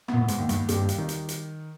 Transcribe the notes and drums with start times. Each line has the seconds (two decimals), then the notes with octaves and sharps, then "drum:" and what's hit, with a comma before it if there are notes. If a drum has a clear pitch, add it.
0.08 B3, drum: rim click
0.13 A#2
0.21 A2
0.28 G#2, drum: hi-hat
0.38 D#2
0.49 G2, drum: hi-hat
0.69 G2 G3, drum: hi-hat
0.89 drum: hi-hat
0.98 D#3
1.09 drum: hi-hat
1.29 drum: hi-hat